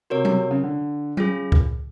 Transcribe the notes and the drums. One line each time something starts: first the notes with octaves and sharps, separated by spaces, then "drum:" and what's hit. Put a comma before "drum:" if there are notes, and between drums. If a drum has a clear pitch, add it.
C3 F#4 A#4 C#5
C3, drum: tom F#3
C3
C#3
D3
C#4 F4 G#4, drum: tom F#3
drum: kick C#2